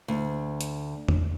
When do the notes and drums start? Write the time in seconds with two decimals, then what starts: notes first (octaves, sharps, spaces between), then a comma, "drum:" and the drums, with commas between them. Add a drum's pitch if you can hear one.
0.08 D2
0.61 drum: hi-hat
1.08 drum: tom